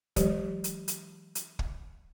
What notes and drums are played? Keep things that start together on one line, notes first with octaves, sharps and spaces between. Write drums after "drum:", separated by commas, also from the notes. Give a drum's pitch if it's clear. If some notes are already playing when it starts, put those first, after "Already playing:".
E3 F#3 G#3 G4 C5, drum: kick, hi-hat
drum: hi-hat
drum: hi-hat
drum: hi-hat
drum: kick